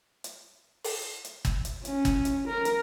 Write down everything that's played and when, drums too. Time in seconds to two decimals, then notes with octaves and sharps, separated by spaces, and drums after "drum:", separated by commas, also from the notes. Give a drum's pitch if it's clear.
0.24 drum: hi-hat
0.84 drum: open hi-hat
1.25 drum: hi-hat
1.45 drum: kick, hi-hat
1.65 drum: hi-hat
1.85 C#4, drum: hi-hat
2.05 drum: kick, hi-hat
2.25 drum: hi-hat
2.48 A#4
2.65 drum: hi-hat